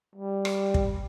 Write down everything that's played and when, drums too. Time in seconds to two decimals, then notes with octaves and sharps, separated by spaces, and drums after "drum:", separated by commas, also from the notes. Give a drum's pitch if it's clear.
0.15 G3
0.45 drum: rim click
0.74 drum: kick